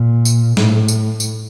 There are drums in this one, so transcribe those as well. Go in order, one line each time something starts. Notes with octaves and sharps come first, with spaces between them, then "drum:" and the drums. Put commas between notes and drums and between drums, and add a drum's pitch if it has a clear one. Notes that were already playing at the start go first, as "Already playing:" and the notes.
Already playing: A#2
drum: tambourine
A2, drum: snare
drum: tambourine
drum: tambourine